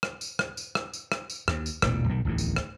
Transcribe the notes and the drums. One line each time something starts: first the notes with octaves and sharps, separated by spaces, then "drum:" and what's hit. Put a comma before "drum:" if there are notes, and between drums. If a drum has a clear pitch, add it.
drum: rim click
drum: tambourine
drum: rim click
drum: tambourine
drum: rim click
drum: tambourine
drum: rim click
drum: tambourine
D#2, drum: rim click
drum: tambourine
E1 A1 A#2 D3, drum: rim click
B1 B2 D#3
D1 A1 E2 D#3
drum: tambourine
drum: rim click